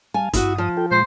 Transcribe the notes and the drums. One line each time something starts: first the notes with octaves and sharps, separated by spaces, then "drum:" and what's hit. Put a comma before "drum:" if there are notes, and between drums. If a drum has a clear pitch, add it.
G3 F5 G#5 A5
G2 E4 F#4 D#6, drum: kick, hi-hat
F3
F4 A4 G5
A#2 G#3 C5